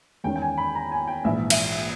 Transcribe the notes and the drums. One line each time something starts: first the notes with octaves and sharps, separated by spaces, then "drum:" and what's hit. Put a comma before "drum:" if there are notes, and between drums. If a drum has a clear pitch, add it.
E2 D#3 G#3 C#4 G5
G5
G#5
B5
A#5
G#5
G5
A#1 G#2 E3 E5
E5, drum: cymbal